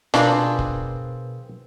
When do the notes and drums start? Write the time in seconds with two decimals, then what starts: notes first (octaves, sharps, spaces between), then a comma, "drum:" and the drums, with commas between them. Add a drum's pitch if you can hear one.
0.14 B2 C4 D4 F4 G#4 A#4 B4, drum: rim click
0.59 drum: kick